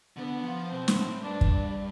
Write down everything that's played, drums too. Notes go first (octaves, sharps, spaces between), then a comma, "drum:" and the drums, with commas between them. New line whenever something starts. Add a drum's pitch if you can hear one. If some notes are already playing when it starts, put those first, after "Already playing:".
D3 B3
F3
B2 C4
B2, drum: snare
A2
G2 D4
drum: kick